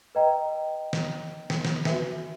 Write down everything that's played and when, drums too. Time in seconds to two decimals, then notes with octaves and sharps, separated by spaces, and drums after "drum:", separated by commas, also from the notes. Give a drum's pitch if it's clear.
0.15 B4 D#5 G5 A#5
0.93 drum: snare
1.50 drum: snare
1.65 drum: snare
1.85 F#4 B4 E5 G#5, drum: snare